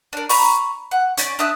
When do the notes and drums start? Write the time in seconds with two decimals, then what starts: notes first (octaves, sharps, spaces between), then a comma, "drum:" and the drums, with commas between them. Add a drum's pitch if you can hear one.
0.13 D4 A#4
0.29 A#5 B5 C#6, drum: open hi-hat
0.91 F#5
1.17 C#4 D5, drum: hi-hat
1.39 D4 E5 D#6 F#6